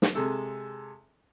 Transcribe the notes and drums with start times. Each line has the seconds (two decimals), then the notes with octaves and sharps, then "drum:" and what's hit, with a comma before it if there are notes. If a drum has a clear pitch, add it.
0.02 drum: snare
0.15 C3 G#3 A4